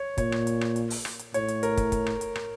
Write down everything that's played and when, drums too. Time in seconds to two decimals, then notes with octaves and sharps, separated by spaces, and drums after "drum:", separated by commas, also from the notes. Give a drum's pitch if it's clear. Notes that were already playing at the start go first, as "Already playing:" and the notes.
Already playing: C#5
0.18 A#2 C#5, drum: kick, hi-hat
0.32 drum: rim click
0.47 drum: hi-hat
0.61 drum: rim click
0.76 drum: hi-hat
0.90 drum: open hi-hat
1.05 drum: rim click
1.19 drum: hi-hat
1.34 A2 C#5, drum: hi-hat
1.48 drum: hi-hat
1.63 A#4, drum: hi-hat
1.77 drum: kick, hi-hat
1.92 drum: kick, hi-hat
2.06 drum: rim click
2.21 drum: hi-hat
2.36 drum: rim click